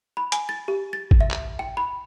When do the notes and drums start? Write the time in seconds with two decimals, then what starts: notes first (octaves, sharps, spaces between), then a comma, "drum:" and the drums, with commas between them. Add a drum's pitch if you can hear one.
0.17 B5
0.32 G#5, drum: hi-hat
0.49 A6
0.68 G4
0.93 A6
1.11 drum: kick
1.21 E5
1.31 drum: clap
1.59 G5
1.77 B5